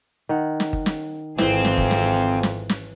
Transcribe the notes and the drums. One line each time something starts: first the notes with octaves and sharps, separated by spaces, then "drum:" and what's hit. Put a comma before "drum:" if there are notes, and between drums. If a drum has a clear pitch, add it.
D#3 F#5
drum: snare
drum: kick G1
drum: snare
G#1 F2 E3 C4 G#4, drum: snare
drum: snare
drum: kick G1
drum: snare
drum: snare
drum: snare